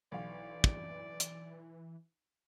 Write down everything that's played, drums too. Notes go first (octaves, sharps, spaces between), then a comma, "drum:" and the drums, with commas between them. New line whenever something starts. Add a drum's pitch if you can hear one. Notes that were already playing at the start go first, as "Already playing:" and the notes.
B1 E3 D5 F5
drum: kick
drum: hi-hat